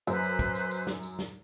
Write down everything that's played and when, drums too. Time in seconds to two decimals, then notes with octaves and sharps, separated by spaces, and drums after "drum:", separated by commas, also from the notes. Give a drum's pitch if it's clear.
0.07 F#2 B4 C5, drum: tambourine
0.23 drum: tambourine
0.39 drum: kick, tambourine
0.55 drum: tambourine
0.71 drum: tambourine
0.87 drum: snare
1.03 drum: tambourine
1.19 drum: snare